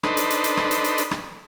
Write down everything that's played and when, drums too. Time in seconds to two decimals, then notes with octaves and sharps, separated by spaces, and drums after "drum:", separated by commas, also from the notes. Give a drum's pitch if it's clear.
0.03 D4 D#4 A4 B4 C5, drum: rim click
0.17 drum: hi-hat
0.30 drum: hi-hat
0.44 drum: hi-hat
0.57 drum: rim click
0.71 drum: hi-hat
0.84 drum: hi-hat
0.98 drum: hi-hat
1.11 drum: rim click